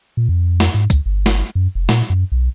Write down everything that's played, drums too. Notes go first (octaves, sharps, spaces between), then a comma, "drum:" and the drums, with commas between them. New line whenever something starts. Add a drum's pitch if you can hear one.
A#2
F2
drum: snare
G#2
C#2, drum: kick, hi-hat
G1
drum: snare
F#2
F1
A#2, drum: snare
F#2
B1